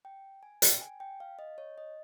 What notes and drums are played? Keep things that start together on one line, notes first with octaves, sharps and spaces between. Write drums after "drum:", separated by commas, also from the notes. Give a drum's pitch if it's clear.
G5
G#5
G5, drum: hi-hat
G#5
G5
F5
D#5
C#5
D#5